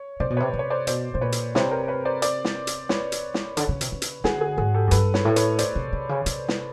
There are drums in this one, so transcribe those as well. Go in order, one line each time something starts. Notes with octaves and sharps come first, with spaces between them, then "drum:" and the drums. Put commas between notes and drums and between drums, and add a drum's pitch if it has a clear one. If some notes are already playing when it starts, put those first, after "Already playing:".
Already playing: C#5
C3 C5 D5
B2
C3 B4 C#5
C3
C#5
C5 D5
B2 C5 D5, drum: hi-hat
B2 C5
A#2 B4 C#5
drum: hi-hat
C3 B4 C#5, drum: snare
A#4 C5
B4 C#5
C5 D5
C5 D5, drum: hi-hat
drum: snare
drum: hi-hat
B4 C#5, drum: snare
drum: hi-hat
drum: snare
D3, drum: hi-hat
C#3
C3, drum: hi-hat
C#3
drum: hi-hat
D3 F#4 G#4, drum: snare
F#4 G#4
G#2 F#4 G#4
G4 A4
F#2
G2 A4 B4, drum: hi-hat
B4 C#5, drum: snare
A2
B4 C#5, drum: hi-hat
C5 D5, drum: hi-hat
C3
C3
C#3
C3, drum: hi-hat
drum: snare